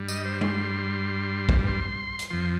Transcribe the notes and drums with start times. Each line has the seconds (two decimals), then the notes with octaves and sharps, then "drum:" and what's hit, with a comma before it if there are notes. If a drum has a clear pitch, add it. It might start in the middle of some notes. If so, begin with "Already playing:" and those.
Already playing: G2 G3
0.08 D#5, drum: tambourine
0.25 C5
0.41 C6, drum: tom G3
1.49 drum: kick
1.67 C6
2.19 drum: hi-hat
2.30 F2 F3 C6